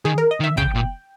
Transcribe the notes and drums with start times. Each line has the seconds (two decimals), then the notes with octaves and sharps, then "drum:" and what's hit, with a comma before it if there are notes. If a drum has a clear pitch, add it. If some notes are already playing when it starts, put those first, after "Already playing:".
0.05 D#3 G#4
0.18 A#4
0.31 D#5
0.40 D#3
0.44 E5
0.57 C#3 G5, drum: kick
0.75 A#2